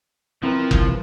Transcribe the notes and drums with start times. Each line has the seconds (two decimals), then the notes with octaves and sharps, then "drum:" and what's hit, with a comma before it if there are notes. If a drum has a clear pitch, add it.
0.43 F3 C4 E4 A#4 B4
0.71 E2 G2 C3, drum: kick F#1